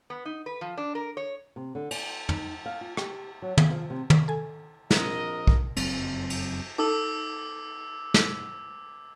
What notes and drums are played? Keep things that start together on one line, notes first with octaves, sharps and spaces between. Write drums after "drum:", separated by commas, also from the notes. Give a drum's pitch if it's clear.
B3
D#4
B4
F3
D4
A#4
C#5
C3
D3
D5, drum: cymbal
D#4, drum: tom
F5
F4
G4, drum: rim click
F#3
G#4, drum: tom
F3
C3
drum: tom
A4 G#5
A#1 C4 F#4 A#4 D#5, drum: snare
drum: kick
F#1 F2 F#3 C4, drum: cymbal
drum: cymbal
D#4 A4 A5 D6 E6
drum: snare